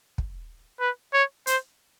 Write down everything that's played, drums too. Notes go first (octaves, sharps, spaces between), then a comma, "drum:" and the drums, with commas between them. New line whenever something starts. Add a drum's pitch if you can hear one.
drum: kick
B4
C#5
C5, drum: hi-hat